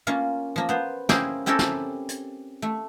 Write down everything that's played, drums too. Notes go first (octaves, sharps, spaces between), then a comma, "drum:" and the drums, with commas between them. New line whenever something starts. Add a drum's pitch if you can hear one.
A#3 C#4 F4 F5
F3 A#3
B3 C5
A#3 C#4 E4 G#4 C5 G5, drum: snare
C4 C#4 E4 G4 A4 A#4
drum: snare
drum: hi-hat
A3